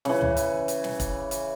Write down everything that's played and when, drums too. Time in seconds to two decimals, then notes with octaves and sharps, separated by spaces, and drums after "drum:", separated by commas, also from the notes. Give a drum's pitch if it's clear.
0.05 C#3 E3, drum: snare
0.21 drum: tom
0.37 drum: hi-hat
0.68 drum: hi-hat
0.84 drum: snare
1.00 drum: kick, hi-hat
1.31 drum: hi-hat